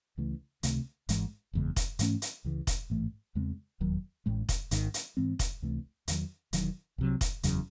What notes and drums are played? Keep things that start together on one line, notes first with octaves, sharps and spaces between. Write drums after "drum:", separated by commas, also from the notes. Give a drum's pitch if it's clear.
C#2 C#3 E3 A3
C#2 C3 D#3 A3, drum: hi-hat
G#1 G#2 E3 G#3, drum: hi-hat
F#1 E2 C#3 G#3
drum: kick, hi-hat
G#2 E3 A3 C#4, drum: hi-hat
drum: hi-hat
C#2 C#3 E3
drum: kick, hi-hat
A1 G#2 E3 A3
E2 C#3 G#3 C4
E1 D#2 D#3 F#3
A1 A2 G#3
drum: kick, hi-hat
G#1 G#2 D#3, drum: hi-hat
drum: hi-hat
G#2 E3 G#3 C4
drum: kick, hi-hat
C#2 C3 E3 A3
E2 D#3 F#3, drum: hi-hat
E1 E2 D#3 F#3, drum: hi-hat
C2 C3 F#3
drum: kick, hi-hat
F#1 E2 C#3 F#3, drum: hi-hat